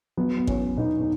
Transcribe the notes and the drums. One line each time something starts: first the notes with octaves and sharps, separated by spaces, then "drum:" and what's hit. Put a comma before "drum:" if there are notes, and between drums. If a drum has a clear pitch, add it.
F#3 B3
B3
E2 C#4, drum: kick G#1
B2 B3 D#4
D#4